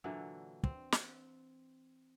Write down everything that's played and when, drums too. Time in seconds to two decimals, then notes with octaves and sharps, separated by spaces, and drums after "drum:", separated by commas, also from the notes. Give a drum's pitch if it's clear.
0.04 A#2 D3 E3 F#3
0.63 C4, drum: kick
0.92 drum: snare